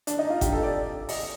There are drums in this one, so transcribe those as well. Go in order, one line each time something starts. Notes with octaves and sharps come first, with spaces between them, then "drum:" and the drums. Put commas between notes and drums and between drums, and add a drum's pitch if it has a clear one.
D4, drum: hi-hat
D#4
F4
G4, drum: kick G1, hi-hat
A4
D5
D#5, drum: open hi-hat